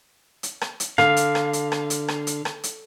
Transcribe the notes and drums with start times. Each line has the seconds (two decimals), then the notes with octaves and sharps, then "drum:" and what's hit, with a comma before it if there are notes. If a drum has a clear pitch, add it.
0.43 drum: hi-hat
0.61 drum: rim click
0.80 drum: hi-hat
0.98 D3 F5, drum: rim click
1.17 drum: hi-hat
1.35 drum: rim click
1.53 drum: hi-hat
1.72 drum: rim click
1.90 drum: hi-hat
2.08 drum: rim click
2.27 drum: hi-hat
2.45 drum: rim click
2.64 drum: hi-hat